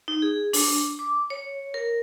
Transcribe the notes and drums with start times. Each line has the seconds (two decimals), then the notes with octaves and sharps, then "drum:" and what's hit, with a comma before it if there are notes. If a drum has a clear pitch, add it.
0.08 D#4
0.22 G#4
0.53 D4, drum: open hi-hat
0.99 D6
1.30 C#5
1.74 A#4